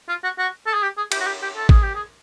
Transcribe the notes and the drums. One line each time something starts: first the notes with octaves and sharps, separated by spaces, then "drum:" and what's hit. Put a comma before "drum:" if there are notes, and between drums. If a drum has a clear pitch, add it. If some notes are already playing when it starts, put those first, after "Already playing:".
F4
F#4
F#4
A4
G#4
G4
G#4
G4, drum: cymbal
F#4
G4
G4
A4
G#4, drum: kick
G4
G#4